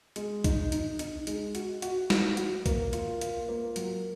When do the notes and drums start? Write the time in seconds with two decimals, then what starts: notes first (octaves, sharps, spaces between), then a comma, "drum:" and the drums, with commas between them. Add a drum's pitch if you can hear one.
0.16 G#3, drum: hi-hat
0.44 D#4, drum: kick B1, hi-hat
0.72 D#4, drum: hi-hat
0.99 D#4, drum: hi-hat
1.27 G#3, drum: hi-hat
1.55 F#4, drum: hi-hat
1.82 F#4, drum: hi-hat
2.10 F#4, drum: snare
2.37 F#4, drum: hi-hat
2.66 A#3, drum: kick B1, hi-hat
2.93 F4, drum: hi-hat
3.21 F4, drum: hi-hat
3.49 A#3
3.76 F#3, drum: hi-hat